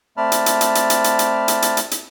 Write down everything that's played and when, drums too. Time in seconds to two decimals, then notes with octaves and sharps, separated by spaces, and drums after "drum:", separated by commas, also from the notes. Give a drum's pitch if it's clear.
0.17 A3 C4 D5 A5 B5 F6
0.32 drum: hi-hat
0.46 drum: hi-hat
0.61 drum: hi-hat
0.75 drum: hi-hat
0.90 drum: hi-hat
1.04 drum: hi-hat
1.19 drum: hi-hat
1.48 drum: hi-hat
1.62 drum: hi-hat
1.77 drum: hi-hat
1.91 drum: hi-hat